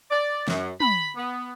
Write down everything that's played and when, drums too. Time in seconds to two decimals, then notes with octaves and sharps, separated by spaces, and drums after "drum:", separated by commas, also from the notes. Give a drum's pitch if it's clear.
0.11 D5
0.48 F#2, drum: snare
0.80 B5, drum: tom
1.16 B3